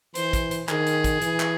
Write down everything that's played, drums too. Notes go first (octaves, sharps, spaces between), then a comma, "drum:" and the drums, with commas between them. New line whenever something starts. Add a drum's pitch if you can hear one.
E3 C5, drum: hi-hat
drum: kick, hi-hat
drum: hi-hat
D#3 G#4, drum: clap
drum: hi-hat
drum: kick, hi-hat
E3, drum: hi-hat
drum: clap